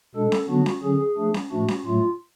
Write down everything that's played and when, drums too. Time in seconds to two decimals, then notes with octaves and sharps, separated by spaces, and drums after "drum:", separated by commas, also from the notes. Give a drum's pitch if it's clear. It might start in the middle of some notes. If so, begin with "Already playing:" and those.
0.15 B2 G#3 D4 A4
0.32 drum: snare C#4
0.48 D3 F#3 B3 D4 F#4
0.66 drum: snare C#4
0.83 D3 F#3 C#4 G#4
1.17 F3 A3 D4
1.34 drum: snare C#4
1.51 A2 F3 A3 D4 F#4
1.68 drum: snare C#4
1.85 A2 F#3 A3 F4